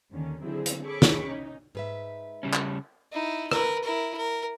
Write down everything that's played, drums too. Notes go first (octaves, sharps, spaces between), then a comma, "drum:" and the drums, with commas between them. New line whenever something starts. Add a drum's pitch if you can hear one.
D#2 D3 D#3 C#4
D3 D#3 F#3 C4 E4 G#4
drum: hi-hat
G#4 A4 C#5 B5 C#6 D6
drum: snare
C#4 D#4
G#2 B4 E5
C#3 G3 C#4
drum: clap
D#4 E4
A#4 B4, drum: rim click
E4 A#4
A#4